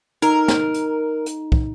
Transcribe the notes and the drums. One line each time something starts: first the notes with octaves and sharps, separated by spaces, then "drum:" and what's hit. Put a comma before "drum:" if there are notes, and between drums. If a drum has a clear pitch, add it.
D#4 A#4, drum: hi-hat
drum: snare
drum: hi-hat
drum: hi-hat
drum: kick